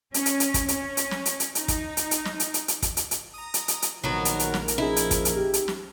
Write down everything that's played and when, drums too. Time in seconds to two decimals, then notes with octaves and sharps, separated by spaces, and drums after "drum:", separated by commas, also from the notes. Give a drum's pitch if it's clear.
0.14 C#4, drum: hi-hat
0.26 drum: hi-hat
0.40 drum: hi-hat
0.54 drum: kick, hi-hat
0.68 C#4, drum: hi-hat
0.97 drum: hi-hat
1.11 drum: snare
1.25 drum: hi-hat
1.40 drum: hi-hat
1.55 D#4, drum: hi-hat
1.68 drum: kick, hi-hat
1.97 drum: hi-hat
2.11 drum: hi-hat
2.25 drum: snare
2.40 drum: hi-hat
2.54 drum: hi-hat
2.68 drum: hi-hat
2.82 drum: kick, hi-hat
2.97 drum: hi-hat
3.11 drum: hi-hat
3.34 A#5 D#6
3.54 drum: hi-hat
3.68 drum: hi-hat
3.82 drum: hi-hat
4.04 A#1 D#3 F#3 B3 A#4
4.25 drum: hi-hat
4.39 drum: hi-hat
4.54 drum: snare
4.68 drum: hi-hat
4.78 F3 C#4 D#4 E4 G#4
4.96 drum: hi-hat
5.11 drum: kick, hi-hat
5.25 drum: hi-hat
5.35 G4
5.54 drum: hi-hat
5.68 drum: snare